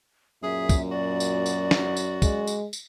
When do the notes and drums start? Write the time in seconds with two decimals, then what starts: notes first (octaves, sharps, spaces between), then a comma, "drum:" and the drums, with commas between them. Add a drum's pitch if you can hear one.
0.43 F#2 A#2 G#4 E5
0.69 drum: kick, tambourine
0.91 F#4 D5
1.20 drum: tambourine
1.46 drum: tambourine
1.71 drum: snare
1.97 drum: tambourine
2.22 G#3, drum: kick, tambourine
2.47 drum: tambourine
2.73 drum: tambourine